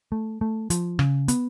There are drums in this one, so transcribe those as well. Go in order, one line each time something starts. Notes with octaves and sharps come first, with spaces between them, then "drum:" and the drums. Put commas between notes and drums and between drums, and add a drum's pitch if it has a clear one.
A3
A3
F3, drum: hi-hat
C#3, drum: rim click
B3, drum: hi-hat